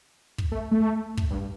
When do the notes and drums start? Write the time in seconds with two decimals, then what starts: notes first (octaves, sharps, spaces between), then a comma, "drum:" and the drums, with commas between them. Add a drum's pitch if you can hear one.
0.38 drum: kick
0.52 A3
0.71 A3
1.17 drum: kick
1.30 G2